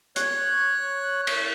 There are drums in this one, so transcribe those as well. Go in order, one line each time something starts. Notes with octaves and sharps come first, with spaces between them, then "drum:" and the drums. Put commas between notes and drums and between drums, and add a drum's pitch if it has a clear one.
C#5 F#6, drum: hi-hat
drum: cymbal